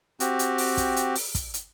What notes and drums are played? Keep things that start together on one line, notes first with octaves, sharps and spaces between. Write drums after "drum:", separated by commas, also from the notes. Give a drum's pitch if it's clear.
C4 F#4 G4, drum: hi-hat
drum: hi-hat
drum: open hi-hat
drum: kick, hi-hat
drum: hi-hat
drum: open hi-hat
drum: kick, hi-hat
drum: hi-hat